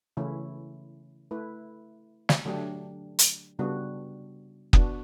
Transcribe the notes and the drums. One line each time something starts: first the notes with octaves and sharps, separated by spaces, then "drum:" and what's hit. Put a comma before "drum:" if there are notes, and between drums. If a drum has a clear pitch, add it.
C#3 E3 A3 C#4 E4
A3 E4 B4
drum: snare
D3 F#3 A3 D4 G4
drum: hi-hat
C#3 G3 B3 D4 F#4
B3 D4 F#4, drum: kick